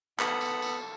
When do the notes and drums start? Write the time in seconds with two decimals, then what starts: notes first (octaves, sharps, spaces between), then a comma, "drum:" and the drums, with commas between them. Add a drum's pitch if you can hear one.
0.19 B3 A4, drum: clap
0.41 drum: tambourine
0.62 drum: tambourine